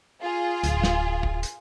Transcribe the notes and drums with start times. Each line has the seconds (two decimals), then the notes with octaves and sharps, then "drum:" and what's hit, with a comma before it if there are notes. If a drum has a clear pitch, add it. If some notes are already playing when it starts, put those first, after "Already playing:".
0.22 F4 G#4
0.64 D1, drum: hi-hat
0.83 drum: snare
1.23 drum: kick
1.43 drum: hi-hat